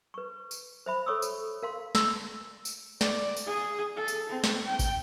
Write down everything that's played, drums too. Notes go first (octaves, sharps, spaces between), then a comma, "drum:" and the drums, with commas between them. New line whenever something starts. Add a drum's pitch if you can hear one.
B4 C#6
drum: tambourine
C5 E5 B5
A4 C#5 C#6 D#6 E6
drum: tambourine
A#4 F5 C6
E6, drum: snare
drum: tambourine
D5, drum: snare
drum: tambourine
G#4
A4
drum: tambourine
C4
drum: snare
G5
drum: kick G#1, tambourine